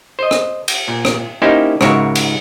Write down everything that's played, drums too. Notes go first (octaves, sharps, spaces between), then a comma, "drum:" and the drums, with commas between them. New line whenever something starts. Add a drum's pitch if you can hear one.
C5 D#5
drum: rim click
drum: cymbal
A#2
drum: rim click
A#3 C#4 D#4 E4 G4 C5
C#2 G#2 F#4 A#4 C#5 E5, drum: rim click
drum: cymbal